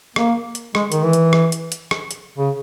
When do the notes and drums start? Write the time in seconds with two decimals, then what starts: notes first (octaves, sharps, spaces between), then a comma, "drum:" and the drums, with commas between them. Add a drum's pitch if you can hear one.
0.16 A#3, drum: rim click
0.55 drum: hi-hat
0.75 G#3, drum: rim click
0.92 D#3, drum: hi-hat
1.03 E3
1.13 drum: hi-hat
1.33 drum: rim click
1.52 drum: hi-hat
1.72 drum: hi-hat
1.91 drum: rim click
2.11 drum: hi-hat
2.38 C#3